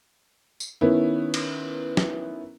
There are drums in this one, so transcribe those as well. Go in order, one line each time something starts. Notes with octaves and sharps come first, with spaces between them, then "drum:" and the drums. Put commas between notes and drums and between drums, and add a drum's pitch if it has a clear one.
drum: tambourine
D#3 B3 C#4 E4
drum: cymbal
drum: snare